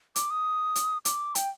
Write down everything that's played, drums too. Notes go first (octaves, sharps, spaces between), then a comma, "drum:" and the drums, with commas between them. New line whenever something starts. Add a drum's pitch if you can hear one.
D6, drum: hi-hat
D#6
drum: hi-hat
D6, drum: hi-hat
G5, drum: hi-hat